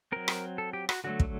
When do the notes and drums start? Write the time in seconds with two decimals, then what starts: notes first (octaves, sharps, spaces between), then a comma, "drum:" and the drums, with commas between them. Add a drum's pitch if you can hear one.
0.12 F#3 C4 A#4
0.28 drum: rim click
0.58 A4
0.73 G4
0.89 F#4, drum: rim click
1.04 D3 F#3 A3 F#4
1.20 drum: kick